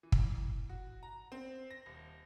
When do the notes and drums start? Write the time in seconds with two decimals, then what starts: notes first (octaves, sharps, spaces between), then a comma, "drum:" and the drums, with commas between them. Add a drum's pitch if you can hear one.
0.03 E3
0.12 drum: kick
0.69 F#4
1.03 A#5
1.32 C4
1.71 A#6
1.86 D#1